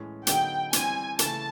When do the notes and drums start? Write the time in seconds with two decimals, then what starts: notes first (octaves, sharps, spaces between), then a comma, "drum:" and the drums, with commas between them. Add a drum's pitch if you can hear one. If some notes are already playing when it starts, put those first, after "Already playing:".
Already playing: A2 E3 G#3 C#4
0.27 D3 F#3 B3 D#4 G#4 G5, drum: hi-hat
0.73 E3 G3 C4 G#5, drum: hi-hat
1.19 C#3 E3 A3 A5, drum: hi-hat